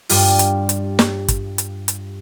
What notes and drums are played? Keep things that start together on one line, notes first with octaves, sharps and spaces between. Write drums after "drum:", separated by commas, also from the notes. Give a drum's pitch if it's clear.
G2 G3 F4, drum: open hi-hat
drum: hi-hat
drum: hi-hat
drum: snare
drum: kick, hi-hat
drum: hi-hat
drum: hi-hat